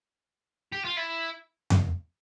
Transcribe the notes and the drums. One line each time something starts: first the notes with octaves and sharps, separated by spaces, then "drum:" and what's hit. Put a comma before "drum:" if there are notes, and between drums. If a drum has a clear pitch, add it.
G4
F4
E4
drum: tom F2